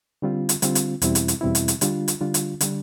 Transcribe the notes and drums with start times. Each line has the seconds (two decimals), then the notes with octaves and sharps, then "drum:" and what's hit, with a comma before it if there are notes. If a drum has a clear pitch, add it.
0.22 D3 G3 C4 F4
0.49 drum: hi-hat
0.62 D3 G3 C4 F4, drum: hi-hat
0.75 drum: hi-hat
1.02 E2 B2 G3 C4 E4, drum: hi-hat
1.15 drum: hi-hat
1.28 drum: hi-hat
1.41 E2 B2 G3 C4 E4
1.55 drum: hi-hat
1.68 drum: hi-hat
1.81 D3 G3 D4 F4, drum: hi-hat
2.08 drum: hi-hat
2.21 D3 G3 D4 F4
2.34 drum: hi-hat
2.61 D3 G3 D4, drum: hi-hat